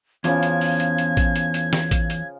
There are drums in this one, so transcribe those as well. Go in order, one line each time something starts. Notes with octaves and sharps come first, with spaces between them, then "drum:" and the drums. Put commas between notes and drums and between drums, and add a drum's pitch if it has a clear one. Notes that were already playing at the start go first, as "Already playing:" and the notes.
E2 C#3 F3 G#6, drum: hi-hat
drum: hi-hat
drum: open hi-hat
drum: hi-hat
drum: hi-hat
drum: kick A1, hi-hat
drum: hi-hat
drum: hi-hat
drum: snare
drum: kick A1, hi-hat
drum: hi-hat